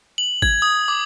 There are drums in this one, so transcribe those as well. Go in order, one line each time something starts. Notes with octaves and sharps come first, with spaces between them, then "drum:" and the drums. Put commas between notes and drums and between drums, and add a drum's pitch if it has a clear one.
F#7
G#6, drum: kick G#1
D#6
D6